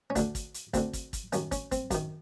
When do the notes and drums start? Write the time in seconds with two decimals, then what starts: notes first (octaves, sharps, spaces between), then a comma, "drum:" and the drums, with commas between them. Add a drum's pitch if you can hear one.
0.10 C#4
0.16 D2 D3 D4, drum: kick, hi-hat
0.35 drum: kick, hi-hat
0.54 drum: hi-hat
0.74 D2 D3 C4, drum: kick, hi-hat
0.93 drum: kick, hi-hat
1.13 drum: kick, hi-hat
1.33 F#2 D#3 C#4, drum: hi-hat
1.52 C#4, drum: kick, hi-hat
1.72 C4, drum: kick, hi-hat
1.91 F#2 D#3, drum: kick, hi-hat